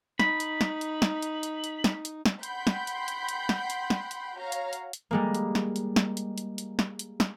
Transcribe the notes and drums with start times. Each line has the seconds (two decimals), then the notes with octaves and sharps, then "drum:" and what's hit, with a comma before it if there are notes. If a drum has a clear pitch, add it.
0.19 D#4 B5, drum: snare
0.40 drum: hi-hat
0.61 drum: snare
0.81 drum: hi-hat
1.02 drum: snare
1.22 drum: hi-hat
1.43 drum: hi-hat
1.64 drum: hi-hat
1.84 drum: snare
2.05 drum: hi-hat
2.25 drum: snare
2.43 F#5 G5 B5 C6 G6 B6, drum: hi-hat
2.67 drum: snare
2.87 drum: hi-hat
3.08 drum: hi-hat
3.29 drum: hi-hat
3.49 drum: snare
3.70 drum: hi-hat
3.90 drum: snare
4.11 drum: hi-hat
4.37 F#4 C#5 F5 A#5
4.52 drum: hi-hat
4.73 drum: hi-hat
4.93 drum: hi-hat
5.11 G3 G#3 A#3
5.35 drum: hi-hat
5.55 drum: snare
5.76 drum: hi-hat
5.96 drum: snare
6.17 drum: hi-hat
6.38 drum: hi-hat
6.58 drum: hi-hat
6.79 drum: snare
6.99 drum: hi-hat
7.20 drum: snare